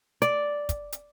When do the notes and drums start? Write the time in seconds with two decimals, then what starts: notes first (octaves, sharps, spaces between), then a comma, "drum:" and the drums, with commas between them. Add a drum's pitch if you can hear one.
0.22 D5, drum: hi-hat
0.69 drum: kick, hi-hat
0.92 drum: hi-hat